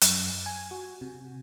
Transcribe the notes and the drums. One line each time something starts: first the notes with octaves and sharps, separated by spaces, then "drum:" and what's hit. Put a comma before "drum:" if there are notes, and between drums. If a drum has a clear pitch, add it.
F#2, drum: hi-hat
G#5
F#4
C3